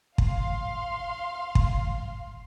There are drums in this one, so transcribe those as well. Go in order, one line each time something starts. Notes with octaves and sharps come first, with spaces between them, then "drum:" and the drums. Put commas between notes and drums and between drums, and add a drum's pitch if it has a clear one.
F5 C6, drum: kick
drum: kick